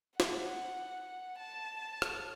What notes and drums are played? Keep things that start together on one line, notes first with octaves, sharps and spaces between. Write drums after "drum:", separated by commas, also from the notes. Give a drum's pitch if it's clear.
F#5, drum: snare
A5
drum: rim click